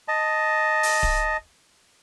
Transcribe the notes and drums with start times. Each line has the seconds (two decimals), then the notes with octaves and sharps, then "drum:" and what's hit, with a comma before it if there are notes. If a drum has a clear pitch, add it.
0.08 D#5 A5
0.83 drum: open hi-hat
1.03 drum: kick D1